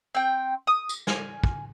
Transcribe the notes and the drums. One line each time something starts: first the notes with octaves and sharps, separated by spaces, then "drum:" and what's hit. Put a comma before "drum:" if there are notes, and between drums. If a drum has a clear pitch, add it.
C4 G5
D#6
drum: tambourine
G#5 F6, drum: snare
drum: kick